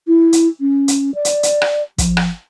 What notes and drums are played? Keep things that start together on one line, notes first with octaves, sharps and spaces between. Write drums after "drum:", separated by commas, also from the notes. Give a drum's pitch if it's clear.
E4
drum: hi-hat
C#4
drum: hi-hat
D5
drum: hi-hat
drum: hi-hat
drum: rim click
F3, drum: kick, hi-hat
drum: rim click